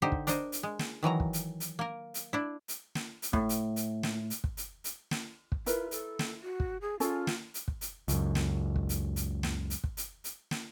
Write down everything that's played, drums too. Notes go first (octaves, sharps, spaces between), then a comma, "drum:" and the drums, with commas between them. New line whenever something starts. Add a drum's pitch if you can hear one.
D3 D#4 G4 C5
drum: kick
D4 A#4 C5 D#5 A5, drum: hi-hat
drum: hi-hat
G#3
drum: snare
D#3 E3 F#3 A#5
drum: kick
drum: hi-hat
drum: hi-hat
A#3 A#4
drum: hi-hat
D4 E4
drum: hi-hat
drum: snare
drum: hi-hat
A2, drum: kick
drum: hi-hat
drum: hi-hat
drum: snare
drum: hi-hat
drum: kick
drum: hi-hat
drum: hi-hat
drum: snare
drum: kick
E4 F4 A#4 B4, drum: hi-hat
A4, drum: hi-hat
drum: snare
F#4
drum: kick
G#4
C#4 F4 G#4 A4, drum: hi-hat
drum: snare
drum: hi-hat
drum: kick
drum: hi-hat
C#2 F#2, drum: hi-hat
drum: snare
drum: kick
drum: hi-hat
drum: hi-hat
drum: snare
drum: hi-hat
drum: kick
drum: hi-hat
drum: hi-hat
drum: snare